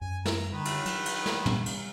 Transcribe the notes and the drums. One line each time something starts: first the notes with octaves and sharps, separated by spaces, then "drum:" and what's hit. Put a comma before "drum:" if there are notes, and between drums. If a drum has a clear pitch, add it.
F#2 G#5
A#5, drum: snare
D3 D#3 B4
drum: cymbal
F#3, drum: cymbal
drum: cymbal
drum: snare
drum: tom
drum: cymbal